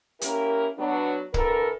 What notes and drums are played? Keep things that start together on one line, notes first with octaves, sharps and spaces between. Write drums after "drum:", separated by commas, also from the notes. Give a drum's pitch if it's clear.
A#3 C#4 E4 G4 A#4, drum: hi-hat
F#3 B3 D4
D3 E3 A4 A#4, drum: kick